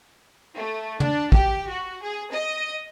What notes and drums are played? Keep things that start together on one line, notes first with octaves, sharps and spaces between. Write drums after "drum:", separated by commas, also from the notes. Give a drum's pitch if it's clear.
A3
D4, drum: tom
G4, drum: kick
F#4
G#4
D#5